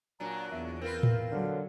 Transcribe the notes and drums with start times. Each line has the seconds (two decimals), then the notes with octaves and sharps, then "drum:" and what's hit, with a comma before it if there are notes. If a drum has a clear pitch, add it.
0.20 A#2 F#3 D4 A#5
0.51 E2 E5
0.81 C4 F4 A#4 B4
1.03 drum: tom A2
1.32 D3 F#3